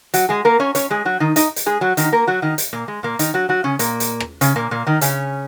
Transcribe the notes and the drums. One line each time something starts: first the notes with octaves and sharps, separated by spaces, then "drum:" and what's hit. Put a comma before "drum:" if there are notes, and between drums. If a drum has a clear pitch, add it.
F#3 F#4, drum: hi-hat
G#3 G#4
A#3 A#4
C#4 C#5
C#4 C#5, drum: hi-hat
G#3 G#4
F#3 F#4
D#3 D#4
D#4 D#5, drum: hi-hat
drum: hi-hat
G#3 G#4
F#3 F#4
D#3 D#4, drum: hi-hat
A#3 A#4
F#3 F#4
D#3 D#4
drum: hi-hat
A#2 A#3
G#3
A#2 A#3
D#3 D#4, drum: hi-hat
F#3 F#4
F#3 F#4
C#3 C#4
A#2 A#3, drum: hi-hat
drum: hi-hat
drum: rim click
C#3 C#4, drum: hi-hat
A#2 A#3
A#2 A#3
D#3 D#4
C#3 C#4, drum: hi-hat